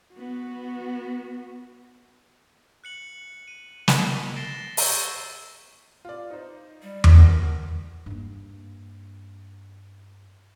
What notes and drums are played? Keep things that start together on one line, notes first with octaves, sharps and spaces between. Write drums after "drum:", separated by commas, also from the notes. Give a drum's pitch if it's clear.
B3 F#4
F#6 C#7 F#7
D#7
B6, drum: snare
A6 A#6 C7 D7 E7 G7
C#6 E6 G6 G#6 B6, drum: open hi-hat
F4 D5
D#4 C5
G3
drum: tom E2
F2 A#4 F#5 A#6
G2 A#3